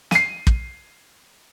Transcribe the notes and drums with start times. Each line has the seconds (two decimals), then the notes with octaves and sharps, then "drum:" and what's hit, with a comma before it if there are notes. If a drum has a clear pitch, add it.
0.11 C7 D#7, drum: snare
0.47 drum: kick